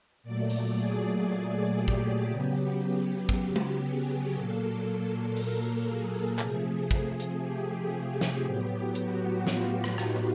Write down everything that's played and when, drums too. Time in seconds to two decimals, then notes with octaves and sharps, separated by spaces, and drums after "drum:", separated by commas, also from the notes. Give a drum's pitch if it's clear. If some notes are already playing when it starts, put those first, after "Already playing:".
0.23 A#2 F#3 A3 D5
0.50 drum: open hi-hat
0.74 G#4
1.26 G#4
1.78 G4
1.88 drum: kick
2.29 C#3 F#3 B3
3.29 drum: kick
3.56 drum: tom G#3
3.82 G#4
4.34 A#2 F#3 A#3 A4
5.36 A#4, drum: open hi-hat
5.88 G#4
6.39 C3 F3 A3, drum: clap
6.91 G#4, drum: kick
7.20 drum: hi-hat
7.41 G4
8.21 drum: snare
8.44 A2 F#3 B3
8.95 F#4, drum: hi-hat
9.47 F4, drum: snare
9.84 drum: rim click
9.98 D#4, drum: rim click